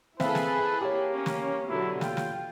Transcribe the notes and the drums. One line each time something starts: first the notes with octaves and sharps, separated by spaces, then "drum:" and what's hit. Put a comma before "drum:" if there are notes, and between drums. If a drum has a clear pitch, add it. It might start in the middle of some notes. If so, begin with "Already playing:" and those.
C4 E4 G#4 A4 B4 E5 F5, drum: snare
drum: snare
A#3 G4 C#5
C#4
drum: snare
B2 D3 F#3 E4
F4 G5, drum: snare
drum: snare